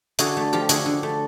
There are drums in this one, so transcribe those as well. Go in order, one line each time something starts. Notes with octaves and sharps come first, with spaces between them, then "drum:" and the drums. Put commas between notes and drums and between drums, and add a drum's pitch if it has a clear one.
D3 F#4 G#4, drum: hi-hat
A3
F3 F4 G4
D3 F#4 G#4, drum: hi-hat
D3
A3